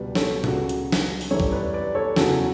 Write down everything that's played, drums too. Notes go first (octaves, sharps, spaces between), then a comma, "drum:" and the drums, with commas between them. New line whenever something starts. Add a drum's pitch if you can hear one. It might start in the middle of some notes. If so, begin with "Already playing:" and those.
Already playing: C#2 B2 G3 B4 D5
A4 C#5, drum: snare
C#2 C#3 F#3 F#4 A4, drum: tom A2
drum: hi-hat
drum: snare
drum: open hi-hat
F#2 E3 G3 A4 C#5
drum: kick
B4 D5
B4 D5
A4 C#5
E2 C#3 F#3 F#4 A4, drum: snare